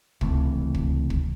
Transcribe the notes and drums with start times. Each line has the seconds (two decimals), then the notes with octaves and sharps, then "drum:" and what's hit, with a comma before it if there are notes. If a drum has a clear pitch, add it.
0.21 C#2 C3 E3 A3, drum: kick
0.75 drum: kick
1.10 drum: kick